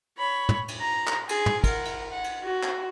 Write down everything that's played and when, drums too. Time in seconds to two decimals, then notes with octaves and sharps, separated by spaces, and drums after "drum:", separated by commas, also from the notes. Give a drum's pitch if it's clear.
0.19 C#5 B5
0.49 drum: tom
0.68 drum: cymbal
0.80 A#5
1.07 drum: clap
1.29 G#4, drum: cymbal
1.46 drum: tom
1.64 A#4 F#5, drum: kick, cymbal
1.85 drum: cymbal
2.11 F#5
2.24 drum: cymbal
2.44 F#4
2.63 drum: clap